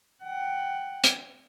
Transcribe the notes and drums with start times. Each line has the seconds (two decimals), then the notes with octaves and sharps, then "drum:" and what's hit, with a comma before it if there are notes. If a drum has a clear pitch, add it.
0.23 F#5 G5
1.04 drum: hi-hat